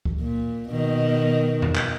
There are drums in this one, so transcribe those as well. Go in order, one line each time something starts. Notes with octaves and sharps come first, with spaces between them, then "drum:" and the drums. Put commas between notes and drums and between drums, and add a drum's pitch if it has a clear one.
drum: kick C#2
A#2
B2 D#3
drum: tom E2
drum: clap